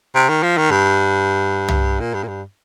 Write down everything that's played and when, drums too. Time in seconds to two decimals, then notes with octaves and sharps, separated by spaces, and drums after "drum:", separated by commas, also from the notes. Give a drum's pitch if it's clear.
0.15 C3
0.29 D#3
0.43 F3
0.57 D#3
0.71 G2
1.68 drum: tom
2.00 A#2
2.14 G2
2.23 A#2
2.28 G2